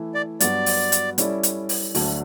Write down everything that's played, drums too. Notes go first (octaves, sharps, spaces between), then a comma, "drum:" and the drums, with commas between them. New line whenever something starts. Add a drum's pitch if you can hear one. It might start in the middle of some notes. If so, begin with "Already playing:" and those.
Already playing: E3 A3 E4
D5
G2 F#3 B3 F#4 D5, drum: hi-hat
drum: open hi-hat
drum: hi-hat
G3 C#4 E4 A4 D5, drum: hi-hat
drum: hi-hat
drum: open hi-hat
D2 D3 F#3 A3, drum: open hi-hat